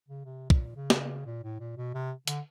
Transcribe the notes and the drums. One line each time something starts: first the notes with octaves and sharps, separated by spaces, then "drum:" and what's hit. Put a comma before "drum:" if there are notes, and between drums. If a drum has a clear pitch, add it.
C#3
C3
A#2, drum: kick
C#3
drum: snare
A#2
A2
A#2
B2
C3
D3, drum: hi-hat